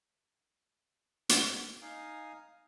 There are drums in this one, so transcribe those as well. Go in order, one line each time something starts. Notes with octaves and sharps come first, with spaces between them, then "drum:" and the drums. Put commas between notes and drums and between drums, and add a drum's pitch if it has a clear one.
drum: hi-hat
D#4 F5 G#5 D#6